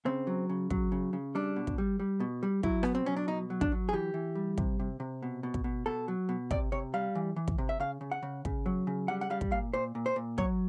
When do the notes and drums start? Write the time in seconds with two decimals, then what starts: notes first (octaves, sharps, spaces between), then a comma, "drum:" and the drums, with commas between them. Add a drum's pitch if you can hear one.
0.05 C#3 C4
0.27 F#3
0.49 C#3
0.70 F#3, drum: kick
0.92 C#3
1.13 C#3
1.35 G3 D4
1.56 B2
1.67 drum: kick
1.78 G3
2.00 G3
2.20 B2
2.43 G3
2.63 F#3 E4, drum: kick
2.83 B2 B3, drum: rim click
2.95 C4
3.06 F#3 C#4
3.17 D4
3.28 B2 D#4
3.50 F#3
3.61 D4, drum: kick
3.72 F#3
3.89 G#4
3.93 E3 G4
4.14 E3
4.35 G3
4.58 C3, drum: kick
4.80 C3
5.00 C3
5.23 B2
5.43 B2
5.54 drum: kick
5.64 B2
5.86 B2 A4
6.08 F#3
6.29 B2
6.51 C3 D5, drum: kick
6.72 C3 C#5
6.94 G3 F5
7.15 E3
7.36 E3
7.48 drum: kick
7.58 C3
7.69 E5
7.80 C#3 F5
8.01 C#3
8.11 F#5
8.23 C#3
8.45 C#3, drum: kick
8.66 F#3
8.87 C#3
9.08 G3 F#5
9.21 F#5
9.30 G3 F5
9.41 drum: kick
9.51 A#2 F5
9.73 A#2 C5
9.95 A#2
10.06 C5
10.16 A#2
10.38 F#3 C#5, drum: kick